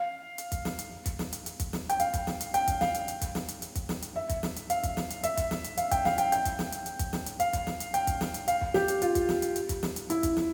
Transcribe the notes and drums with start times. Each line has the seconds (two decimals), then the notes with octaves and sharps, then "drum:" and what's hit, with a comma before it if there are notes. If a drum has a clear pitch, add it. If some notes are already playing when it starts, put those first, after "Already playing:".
Already playing: F5
0.38 drum: hi-hat
0.52 drum: kick, hi-hat
0.65 drum: snare
0.79 drum: hi-hat
1.06 drum: kick, hi-hat
1.19 drum: snare
1.33 drum: hi-hat
1.46 drum: hi-hat
1.60 drum: kick, hi-hat
1.73 drum: snare
1.89 G5, drum: hi-hat
2.00 F5, drum: hi-hat
2.14 drum: kick, hi-hat
2.27 drum: snare
2.41 drum: hi-hat
2.54 G5, drum: hi-hat
2.67 drum: kick, hi-hat
2.81 F5, drum: snare
2.94 drum: hi-hat
3.08 drum: hi-hat
3.21 drum: kick, hi-hat
3.35 drum: snare
3.48 drum: hi-hat
3.62 drum: hi-hat
3.75 drum: kick, hi-hat
3.89 drum: snare
4.02 drum: hi-hat
4.16 E5
4.29 drum: kick, hi-hat
4.43 drum: snare
4.56 drum: hi-hat
4.70 F5, drum: hi-hat
4.83 drum: kick, hi-hat
4.97 drum: snare
5.10 drum: hi-hat
5.23 E5, drum: hi-hat
5.37 drum: kick, hi-hat
5.51 drum: snare
5.64 drum: hi-hat
5.77 F5, drum: hi-hat
5.91 G5, drum: kick, hi-hat
6.05 F5, drum: snare
6.18 G5, drum: hi-hat
6.32 G5, drum: hi-hat
6.45 drum: kick, hi-hat
6.59 drum: snare
6.72 drum: hi-hat
6.86 drum: hi-hat
6.99 drum: kick, hi-hat
7.13 drum: snare
7.26 drum: hi-hat
7.40 F5, drum: hi-hat
7.53 drum: kick, hi-hat
7.67 drum: snare
7.80 drum: hi-hat
7.94 G5, drum: hi-hat
8.07 drum: kick, hi-hat
8.21 drum: snare
8.34 drum: hi-hat
8.48 F5, drum: hi-hat
8.61 drum: kick
8.74 G4, drum: snare
8.88 drum: hi-hat
9.02 F4, drum: hi-hat
9.15 drum: kick, hi-hat
9.29 drum: snare
9.42 drum: hi-hat
9.56 drum: hi-hat
9.69 drum: kick, hi-hat
9.83 drum: snare
9.96 drum: hi-hat
10.10 E4, drum: hi-hat
10.23 drum: kick, hi-hat
10.37 drum: snare